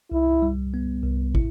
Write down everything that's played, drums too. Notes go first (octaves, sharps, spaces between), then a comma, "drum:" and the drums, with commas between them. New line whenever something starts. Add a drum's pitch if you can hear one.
C2 E4
G3
B3
C2
E4, drum: kick